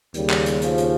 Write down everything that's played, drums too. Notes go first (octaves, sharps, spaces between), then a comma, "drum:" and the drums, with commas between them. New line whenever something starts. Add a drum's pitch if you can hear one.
D#2 C#3 G3, drum: hi-hat
drum: clap
drum: hi-hat
F3, drum: hi-hat
drum: hi-hat